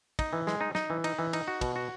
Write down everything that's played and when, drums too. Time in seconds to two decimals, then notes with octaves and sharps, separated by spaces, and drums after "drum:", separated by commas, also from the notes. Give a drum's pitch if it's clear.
0.19 D#4, drum: kick, cymbal
0.33 E3
0.47 G#3, drum: snare
0.61 D#4
0.75 D#4, drum: snare
0.90 E3
1.04 D#4, drum: cymbal
1.19 E3
1.33 D#4, drum: cymbal
1.48 F#4
1.61 B2, drum: kick, cymbal
1.76 F#4